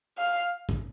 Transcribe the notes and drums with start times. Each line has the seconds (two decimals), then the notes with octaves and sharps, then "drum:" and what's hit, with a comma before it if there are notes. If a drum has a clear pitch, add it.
0.18 F5
0.69 drum: kick